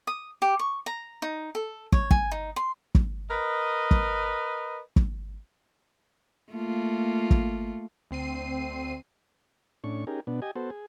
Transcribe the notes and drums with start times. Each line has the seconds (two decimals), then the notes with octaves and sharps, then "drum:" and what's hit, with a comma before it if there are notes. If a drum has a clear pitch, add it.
0.07 D#6
0.42 G4
0.59 C#6
0.86 A#5
1.22 D#4
1.55 A4
1.92 C#5, drum: kick
2.11 G#5, drum: kick
2.31 D#4
2.56 C6
2.95 drum: kick
3.31 A#4 B4 D#5
3.91 drum: kick
4.96 drum: kick
6.53 A3 A#3 F4
7.31 drum: kick
8.11 D2 C4 C7 D#7
9.84 A2 C#4 D4 C#6
10.07 C#4 D#4 G4 G#4 A#4
10.27 B2 B3 D4
10.42 G4 D#5 G#5
10.56 B3 F#4 A4 C5
10.70 G#4